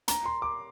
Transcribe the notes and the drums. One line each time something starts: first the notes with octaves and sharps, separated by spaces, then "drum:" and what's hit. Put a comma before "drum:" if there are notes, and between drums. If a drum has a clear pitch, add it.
A#5, drum: hi-hat
C6
D6